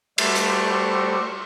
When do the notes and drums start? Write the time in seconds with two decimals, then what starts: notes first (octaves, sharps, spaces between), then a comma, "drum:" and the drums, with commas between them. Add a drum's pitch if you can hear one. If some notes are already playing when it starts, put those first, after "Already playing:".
0.18 G3 A3 F#4 G4 A4 C5, drum: cymbal
0.35 drum: hi-hat